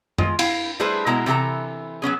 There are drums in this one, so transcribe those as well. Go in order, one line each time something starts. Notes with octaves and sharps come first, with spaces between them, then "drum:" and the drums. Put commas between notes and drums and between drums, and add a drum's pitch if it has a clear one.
G#3 F4, drum: tom F#2
E4 F5 G5, drum: cymbal
G3 A3 E4 G#4 B4 C5
B2 G#3 E4 A#5
C3 E3 G4 A4 A#5
F#3 B3 C#4 G#4